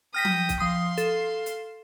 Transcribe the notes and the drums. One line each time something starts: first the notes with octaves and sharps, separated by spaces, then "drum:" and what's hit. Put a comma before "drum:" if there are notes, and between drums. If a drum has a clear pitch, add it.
G5 D#6 F6 A#6 B6
drum: tom F3
drum: kick C2, hi-hat
F3 F5 C6 D#6
A4, drum: hi-hat
drum: hi-hat